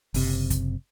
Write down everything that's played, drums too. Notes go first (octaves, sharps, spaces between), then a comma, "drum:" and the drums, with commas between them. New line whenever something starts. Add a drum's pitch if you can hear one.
F#1 C3, drum: open hi-hat
drum: kick, hi-hat